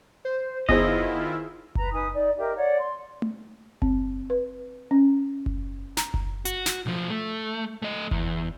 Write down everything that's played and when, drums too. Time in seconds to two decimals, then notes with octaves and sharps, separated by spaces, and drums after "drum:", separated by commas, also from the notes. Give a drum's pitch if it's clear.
0.25 C5
0.69 D#3 B3 E4 F4 G#4 C5 D#5, drum: kick F#1
1.75 B4 A#5, drum: kick F#1
1.92 D#4 B4 G#5 D#6
2.12 D#4 D5
2.38 G4 A#4 D#5 E5
2.55 C#5 D5 F#5
2.78 C6
3.22 drum: tom A3
3.82 C4, drum: kick F#1
4.30 B4
4.91 C#4
5.46 drum: kick F#1
5.97 A#5, drum: snare
6.14 drum: kick F#1
6.45 F#4, drum: hi-hat
6.66 drum: snare
6.86 B1 F3
7.10 A3
7.82 A3 D#5
8.11 E2, drum: kick F#1